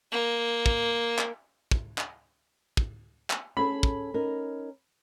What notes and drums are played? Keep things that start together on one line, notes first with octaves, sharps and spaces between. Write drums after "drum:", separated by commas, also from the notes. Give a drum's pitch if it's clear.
A#3
drum: kick
drum: clap
drum: kick
drum: clap
drum: kick
drum: clap
C#4 G#4 A4 B5
drum: kick
C#4 D#4 A#4